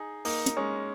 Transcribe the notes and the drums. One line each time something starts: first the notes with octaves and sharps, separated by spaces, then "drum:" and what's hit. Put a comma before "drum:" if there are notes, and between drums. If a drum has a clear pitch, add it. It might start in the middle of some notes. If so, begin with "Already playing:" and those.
Already playing: D#4 G#4
A#3 D#4, drum: open hi-hat
drum: hi-hat
G#3 C#4